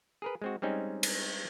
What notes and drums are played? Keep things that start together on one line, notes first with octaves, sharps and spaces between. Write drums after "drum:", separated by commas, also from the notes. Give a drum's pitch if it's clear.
G#4 A#4 B4
G#3 C4 F#4
G3 G#3 C4 C#4 D#4
drum: cymbal